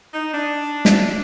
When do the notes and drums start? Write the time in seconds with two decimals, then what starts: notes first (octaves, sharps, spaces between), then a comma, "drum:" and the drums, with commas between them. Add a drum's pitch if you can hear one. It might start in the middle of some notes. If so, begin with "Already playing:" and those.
0.13 D#4
0.33 D4
0.85 drum: snare